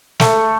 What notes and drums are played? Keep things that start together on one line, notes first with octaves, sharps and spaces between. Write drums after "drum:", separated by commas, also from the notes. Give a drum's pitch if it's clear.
A3, drum: snare